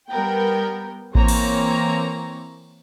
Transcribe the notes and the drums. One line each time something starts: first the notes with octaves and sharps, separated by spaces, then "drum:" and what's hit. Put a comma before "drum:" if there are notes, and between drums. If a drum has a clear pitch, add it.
G3 B3 A#4 G5
E3 A#3 C4 C#5 A#5, drum: kick A1
drum: cymbal